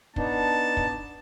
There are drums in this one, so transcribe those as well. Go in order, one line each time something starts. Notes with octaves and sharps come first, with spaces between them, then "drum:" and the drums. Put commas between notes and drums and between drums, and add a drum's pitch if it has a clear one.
B3 D4 D#4 A5, drum: kick
drum: kick